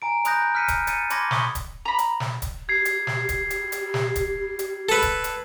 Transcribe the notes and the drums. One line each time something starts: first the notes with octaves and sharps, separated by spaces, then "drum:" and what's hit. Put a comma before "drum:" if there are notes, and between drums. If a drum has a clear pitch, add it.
G#5 A#5 D7
A#5 B5 D#6 F#6 G6 A#6, drum: hi-hat
F6 F#6 B6 C#7 D#7
drum: kick D1, hi-hat
A6 C#7 D#7, drum: hi-hat
A5 B5 C6 D6 G#6 A#6, drum: hi-hat
C6 C#6 D#6 B6 G7, drum: snare
drum: kick D1, hi-hat
A#5 B5
drum: hi-hat
drum: snare
drum: kick D1, hi-hat
G4 G#6 C7
drum: hi-hat
drum: snare
drum: kick D1, hi-hat
drum: hi-hat
drum: hi-hat
drum: snare
drum: kick D1, hi-hat
drum: hi-hat
A4 B4
drum: kick D1, hi-hat
drum: hi-hat